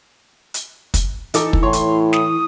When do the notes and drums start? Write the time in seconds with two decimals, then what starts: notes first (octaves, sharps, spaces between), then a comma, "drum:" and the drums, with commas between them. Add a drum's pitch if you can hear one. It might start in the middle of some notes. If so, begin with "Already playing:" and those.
0.54 drum: hi-hat
0.94 drum: kick, hi-hat
1.34 E3 D#4 A4 D6, drum: hi-hat
1.53 drum: kick
1.63 A2 C#5 C6
1.73 drum: hi-hat
2.13 D#6, drum: snare